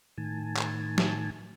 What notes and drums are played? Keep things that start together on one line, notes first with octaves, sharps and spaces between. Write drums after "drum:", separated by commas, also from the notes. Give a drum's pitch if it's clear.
A2 D#3 G#5 A5
drum: clap
drum: snare